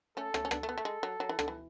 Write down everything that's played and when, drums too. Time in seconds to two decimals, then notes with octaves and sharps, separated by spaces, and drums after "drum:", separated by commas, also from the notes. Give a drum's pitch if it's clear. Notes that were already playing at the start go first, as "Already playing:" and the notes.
0.17 A3 C#4 A4
0.34 A3 C#4, drum: rim click
0.45 C#4
0.51 B3 D4 A4, drum: rim click
0.63 A3
0.69 B3
0.78 A3
0.85 G#3
1.03 F#3
1.20 F#3
1.29 E3
1.39 D3, drum: rim click
1.48 E3